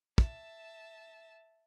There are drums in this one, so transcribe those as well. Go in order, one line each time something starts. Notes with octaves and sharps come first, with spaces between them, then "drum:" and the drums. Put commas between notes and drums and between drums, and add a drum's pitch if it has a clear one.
E5 A5, drum: kick